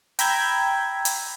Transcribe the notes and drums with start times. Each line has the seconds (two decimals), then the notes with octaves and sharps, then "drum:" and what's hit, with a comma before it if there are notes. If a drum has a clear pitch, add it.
0.19 G5 A#5 B5 E6 G6 G#6, drum: hi-hat
1.05 drum: hi-hat